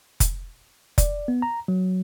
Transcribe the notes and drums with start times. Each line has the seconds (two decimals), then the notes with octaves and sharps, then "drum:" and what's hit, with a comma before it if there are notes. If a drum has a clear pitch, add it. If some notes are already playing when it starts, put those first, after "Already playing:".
0.20 drum: kick F1, hi-hat
0.98 D5, drum: kick F1, hi-hat
1.28 B3
1.42 A#5
1.68 F#3